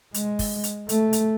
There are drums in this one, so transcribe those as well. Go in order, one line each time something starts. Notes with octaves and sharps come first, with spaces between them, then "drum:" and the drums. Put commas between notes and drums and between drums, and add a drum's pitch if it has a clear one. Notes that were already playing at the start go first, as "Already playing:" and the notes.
G#3, drum: hi-hat
drum: kick, open hi-hat
drum: hi-hat
A3, drum: hi-hat
drum: hi-hat